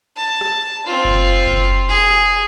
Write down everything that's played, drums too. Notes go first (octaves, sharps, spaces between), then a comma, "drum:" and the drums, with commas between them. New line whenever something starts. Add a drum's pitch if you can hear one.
A5
drum: rim click
C4 F4
drum: kick F#1
drum: kick F#1
G#4
drum: rim click